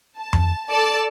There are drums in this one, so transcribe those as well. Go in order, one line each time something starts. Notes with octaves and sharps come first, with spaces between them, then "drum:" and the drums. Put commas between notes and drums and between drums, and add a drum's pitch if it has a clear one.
A5
drum: tom F2
A4 D5 A5